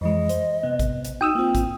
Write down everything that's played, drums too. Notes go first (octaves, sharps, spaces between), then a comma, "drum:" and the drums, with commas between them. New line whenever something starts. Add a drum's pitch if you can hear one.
F2 E3 G#3 D#5
C5, drum: hi-hat
C3 B3
drum: kick, hi-hat
drum: hi-hat
D#4 F#4 G5 D#6 E6
A#3 C4 F4
drum: kick, hi-hat